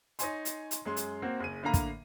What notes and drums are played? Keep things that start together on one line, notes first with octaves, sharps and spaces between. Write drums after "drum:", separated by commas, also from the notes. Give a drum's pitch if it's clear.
D#4 C#5 G#5 C6, drum: hi-hat
drum: hi-hat
drum: hi-hat
F#2 G#3 C6
drum: hi-hat
A#3 C4 F#4
F#1 G#4 D#7
A2 D3 A#3 F5 A#5 B5
drum: kick, hi-hat